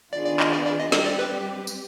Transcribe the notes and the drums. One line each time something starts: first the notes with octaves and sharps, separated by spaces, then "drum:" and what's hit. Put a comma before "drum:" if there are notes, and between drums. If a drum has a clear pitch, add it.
D#3 B3 D4 F4 G#4 D5
D5
D#5, drum: clap
D5
D5
D#5
G3 C4 G4 D#5, drum: snare
D5
B4
drum: tambourine